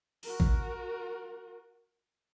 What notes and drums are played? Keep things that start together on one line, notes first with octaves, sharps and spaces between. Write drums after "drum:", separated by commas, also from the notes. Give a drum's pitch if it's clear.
F#4 A#4, drum: open hi-hat
drum: kick A1